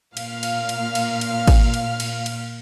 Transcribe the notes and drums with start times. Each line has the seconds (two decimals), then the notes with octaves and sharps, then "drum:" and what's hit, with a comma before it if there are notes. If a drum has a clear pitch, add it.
0.17 A#2 F5 F6, drum: cymbal
0.43 drum: cymbal
0.69 drum: cymbal
0.95 drum: cymbal
1.21 drum: cymbal
1.47 drum: kick G#1, cymbal
1.74 drum: cymbal
2.00 drum: cymbal
2.26 drum: cymbal